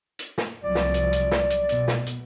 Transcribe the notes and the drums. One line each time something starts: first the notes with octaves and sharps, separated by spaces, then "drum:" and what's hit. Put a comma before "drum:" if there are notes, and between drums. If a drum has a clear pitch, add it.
drum: hi-hat
drum: snare
C2 F3 F#3 D5
drum: snare
drum: hi-hat
drum: hi-hat
drum: snare
drum: hi-hat
B2, drum: hi-hat
drum: snare
drum: hi-hat